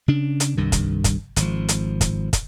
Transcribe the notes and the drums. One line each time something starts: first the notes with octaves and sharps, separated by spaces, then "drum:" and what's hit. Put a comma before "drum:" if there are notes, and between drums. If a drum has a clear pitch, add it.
C#3 D4
drum: hi-hat
C2 G2 D#3
drum: kick, hi-hat
drum: kick, hi-hat
G#1 F3, drum: hi-hat
drum: hi-hat
drum: kick, hi-hat
drum: kick, hi-hat